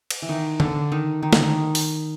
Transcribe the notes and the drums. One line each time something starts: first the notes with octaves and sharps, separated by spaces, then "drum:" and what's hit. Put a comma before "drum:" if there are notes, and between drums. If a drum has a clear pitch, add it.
drum: cymbal
E3
D#3
D3, drum: tom D3
D#3
D#3
D3, drum: snare
D#3
drum: open hi-hat